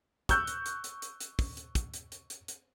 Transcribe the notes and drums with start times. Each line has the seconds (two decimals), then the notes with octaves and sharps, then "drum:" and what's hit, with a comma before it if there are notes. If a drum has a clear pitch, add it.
0.29 C#6 E6 F#6 G6, drum: kick, hi-hat
0.47 drum: hi-hat
0.66 drum: hi-hat
0.84 drum: hi-hat
1.02 drum: hi-hat
1.20 drum: hi-hat
1.39 drum: kick, open hi-hat
1.57 drum: hi-hat
1.75 drum: kick, hi-hat
1.94 drum: hi-hat
2.12 drum: hi-hat
2.30 drum: hi-hat
2.48 drum: hi-hat